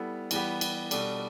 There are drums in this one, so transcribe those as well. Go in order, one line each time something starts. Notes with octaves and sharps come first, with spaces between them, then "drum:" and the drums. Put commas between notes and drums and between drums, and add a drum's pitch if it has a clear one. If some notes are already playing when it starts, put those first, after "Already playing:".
Already playing: G3 B3 E4 A4
E3 G3 B3 G4, drum: cymbal
drum: cymbal
B2 G3 D4 A4, drum: cymbal